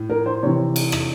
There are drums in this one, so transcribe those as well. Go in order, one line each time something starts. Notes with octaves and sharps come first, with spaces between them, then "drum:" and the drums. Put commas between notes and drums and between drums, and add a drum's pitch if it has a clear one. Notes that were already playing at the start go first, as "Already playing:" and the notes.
Already playing: A2
A#4
C5
C3 E3 C#5
drum: cymbal
drum: rim click